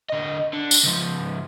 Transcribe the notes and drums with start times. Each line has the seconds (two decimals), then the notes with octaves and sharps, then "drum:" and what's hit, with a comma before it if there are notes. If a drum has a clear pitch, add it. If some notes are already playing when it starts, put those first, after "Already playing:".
0.09 D3 D#5
0.53 D3
0.71 drum: tambourine
0.84 C#2 F3